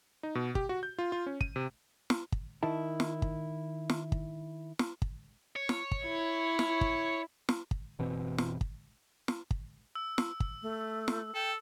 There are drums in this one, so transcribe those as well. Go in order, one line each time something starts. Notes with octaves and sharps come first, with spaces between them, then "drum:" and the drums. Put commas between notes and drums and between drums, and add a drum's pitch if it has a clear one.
D#4
B2
G4, drum: kick
F#4
G6
F4
F4
C#4
D#7, drum: kick
C3
drum: snare
drum: kick
D#3 E4 A5
drum: snare
drum: kick
drum: snare
drum: kick
drum: snare
drum: kick
C#5
drum: snare
drum: kick
E4
drum: snare
drum: kick
drum: snare
drum: kick
F#1 B2 E3 C4
drum: snare
drum: kick
drum: snare
drum: kick
E6
drum: snare
drum: kick
A3
drum: snare
A4 G5